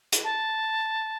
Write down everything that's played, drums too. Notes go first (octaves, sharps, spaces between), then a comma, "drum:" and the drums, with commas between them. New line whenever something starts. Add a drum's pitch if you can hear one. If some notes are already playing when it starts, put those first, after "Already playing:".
drum: hi-hat
A5